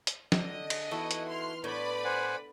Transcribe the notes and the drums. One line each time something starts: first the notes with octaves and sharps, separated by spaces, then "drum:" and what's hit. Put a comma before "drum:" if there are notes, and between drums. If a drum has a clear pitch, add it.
drum: hi-hat
D3 D#5, drum: snare
drum: cymbal
E3 B3 D#4 E4 F#4 A4
drum: hi-hat
C6 F6
A2 B3 D4 B4 D5 B5 C6
C5 F#5 G#5